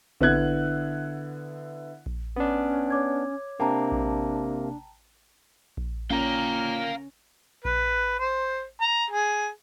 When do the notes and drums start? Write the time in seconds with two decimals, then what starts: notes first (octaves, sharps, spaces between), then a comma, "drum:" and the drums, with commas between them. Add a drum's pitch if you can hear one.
0.21 D3 B3 E4 F#6 G#6, drum: kick A#1
2.06 drum: kick A#1
2.36 B3 C#4 D4
2.90 C#5 D6 G#6
3.60 C3 A#3 D4 G5 A5 A#5
3.92 drum: kick A#1
5.77 drum: kick A#1
6.11 A#2 C#4 A#4 F5 G5 A#5
7.65 B4, drum: kick A#1
8.19 C5
8.81 A#5
9.10 G#4